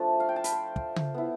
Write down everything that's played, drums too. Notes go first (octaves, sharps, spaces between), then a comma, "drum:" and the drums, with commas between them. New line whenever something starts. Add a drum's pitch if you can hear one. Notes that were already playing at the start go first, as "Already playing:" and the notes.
Already playing: F3 A3 D4 F4 A5
F5
G5
A5
B5, drum: hi-hat
C6
drum: kick
drum: tom C#3
B3 E4